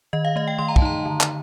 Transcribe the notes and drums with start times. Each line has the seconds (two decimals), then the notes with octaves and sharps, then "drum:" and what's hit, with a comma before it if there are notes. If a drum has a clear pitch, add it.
0.13 D#3 D#5
0.25 F5
0.36 A3 D#5
0.48 G5
0.58 D#3 C6
0.68 A#5
0.76 A5, drum: kick
0.82 D#4 A#5
1.05 D3
1.21 drum: clap